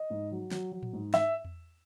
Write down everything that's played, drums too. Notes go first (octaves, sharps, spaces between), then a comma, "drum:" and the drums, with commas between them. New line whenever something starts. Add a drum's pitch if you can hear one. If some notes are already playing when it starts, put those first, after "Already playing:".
Already playing: D#5
G#2
F#3
F#3, drum: snare
F#3
drum: tom A2
G#2
E5, drum: snare
drum: tom E2